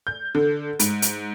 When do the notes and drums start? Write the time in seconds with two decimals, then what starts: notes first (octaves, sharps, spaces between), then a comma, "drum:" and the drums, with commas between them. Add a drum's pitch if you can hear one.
0.07 G6
0.35 D3
0.79 G#2, drum: hi-hat
1.02 drum: hi-hat